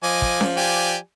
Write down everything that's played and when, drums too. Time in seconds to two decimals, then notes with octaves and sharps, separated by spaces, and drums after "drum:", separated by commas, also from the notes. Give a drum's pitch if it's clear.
0.03 F3 D#5 G#5 D6
0.22 drum: kick
0.41 drum: snare C#4
0.57 G4 D5 G#5